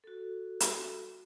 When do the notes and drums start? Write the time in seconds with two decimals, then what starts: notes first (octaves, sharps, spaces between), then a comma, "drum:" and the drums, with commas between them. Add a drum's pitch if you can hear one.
0.04 F#4 A4
0.60 drum: hi-hat